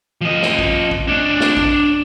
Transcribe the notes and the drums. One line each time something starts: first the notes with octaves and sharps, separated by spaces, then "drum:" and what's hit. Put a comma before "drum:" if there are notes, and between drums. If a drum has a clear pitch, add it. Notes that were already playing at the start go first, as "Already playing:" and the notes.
F3 D#5
drum: snare
drum: kick
drum: kick
D4 C#5
drum: snare
drum: kick